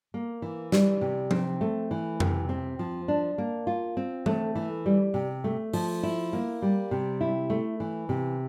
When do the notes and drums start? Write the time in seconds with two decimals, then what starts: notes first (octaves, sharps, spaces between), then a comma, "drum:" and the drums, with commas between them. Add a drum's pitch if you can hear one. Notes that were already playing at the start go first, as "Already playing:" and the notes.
0.14 A#3
0.42 E3
0.72 G3, drum: snare
1.01 C3
1.31 C4, drum: tom F3
1.61 A3
1.91 E3
2.20 C3, drum: tom F2
2.49 C4
2.79 F3
3.08 D4
3.38 A#3
3.67 F4
3.97 C4
4.26 A3, drum: tom E3
4.55 E3
4.86 G3
5.14 C3
5.44 A3
5.73 F3, drum: open hi-hat
6.03 E4
6.33 A#3
6.62 G3
6.91 C3
7.21 E4
7.50 A3
7.80 E3
8.09 C3